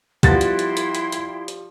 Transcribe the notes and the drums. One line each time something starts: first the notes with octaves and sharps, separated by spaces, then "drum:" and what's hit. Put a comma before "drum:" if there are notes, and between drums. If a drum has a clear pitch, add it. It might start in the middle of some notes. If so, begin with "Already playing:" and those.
F3 G3 B3 E4 F#4 G5 C6 A6, drum: kick, hi-hat
drum: hi-hat
drum: hi-hat
drum: hi-hat
drum: hi-hat
drum: hi-hat
drum: hi-hat